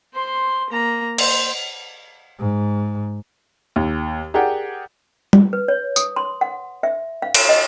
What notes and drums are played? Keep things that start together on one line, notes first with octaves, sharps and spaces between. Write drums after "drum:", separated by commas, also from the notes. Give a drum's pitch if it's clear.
C5 C6
A#3 A#5
C5, drum: cymbal
G#2
D#2
G4 G#4 A#4 D5 F#5 G5
drum: tom G3
B4
C#5
D#6, drum: tambourine
C6
F#5
E5
F5
drum: cymbal
D#5